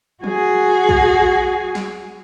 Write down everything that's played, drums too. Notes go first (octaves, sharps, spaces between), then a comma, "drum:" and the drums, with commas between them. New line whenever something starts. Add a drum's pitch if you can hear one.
F#4 G#4, drum: tom E3
drum: kick
drum: snare